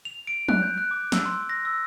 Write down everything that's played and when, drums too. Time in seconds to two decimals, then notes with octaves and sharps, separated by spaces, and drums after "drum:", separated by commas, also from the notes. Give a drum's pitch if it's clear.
0.05 F7
0.27 D7
0.49 F#6, drum: tom F3
0.62 G6
0.78 F#6
0.91 D6
1.12 E6, drum: snare
1.26 C6
1.49 A#6
1.65 E6